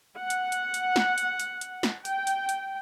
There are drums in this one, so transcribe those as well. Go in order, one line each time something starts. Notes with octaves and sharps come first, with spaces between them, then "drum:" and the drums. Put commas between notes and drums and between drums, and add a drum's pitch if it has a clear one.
F#5
drum: hi-hat
drum: hi-hat
drum: hi-hat
drum: snare
drum: hi-hat
drum: hi-hat
drum: hi-hat
drum: snare
G5, drum: hi-hat
drum: hi-hat
drum: hi-hat